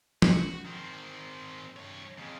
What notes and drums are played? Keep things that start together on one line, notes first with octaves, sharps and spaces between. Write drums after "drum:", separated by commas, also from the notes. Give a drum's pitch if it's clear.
F#4, drum: tom F3
D#3 C4
G2 C#5
F2 C#3